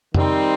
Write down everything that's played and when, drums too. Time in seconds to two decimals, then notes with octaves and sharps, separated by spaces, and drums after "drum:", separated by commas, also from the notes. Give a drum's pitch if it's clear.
0.14 D#3 G3 C4 D#4, drum: tom